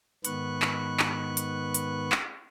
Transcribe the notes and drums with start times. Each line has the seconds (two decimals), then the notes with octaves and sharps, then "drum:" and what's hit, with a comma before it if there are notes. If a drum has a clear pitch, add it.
0.25 G#2 D#3 B3 B4 C#6 F#6, drum: hi-hat
0.62 drum: clap
0.99 drum: clap
1.37 drum: hi-hat
1.74 drum: hi-hat
2.12 drum: clap